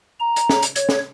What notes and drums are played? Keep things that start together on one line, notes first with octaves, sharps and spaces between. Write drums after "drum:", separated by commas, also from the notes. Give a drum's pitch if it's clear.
A#5
drum: hi-hat
drum: snare
drum: hi-hat
C#5, drum: hi-hat
drum: snare